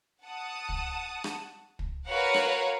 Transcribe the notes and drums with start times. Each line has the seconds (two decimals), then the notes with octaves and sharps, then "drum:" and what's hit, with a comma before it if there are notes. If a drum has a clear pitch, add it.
0.23 F#5 A5 D#6
0.69 drum: kick
1.24 drum: rim click
1.79 drum: kick
2.07 F#4 A#4 B4 C#5 F5 F#5
2.34 drum: rim click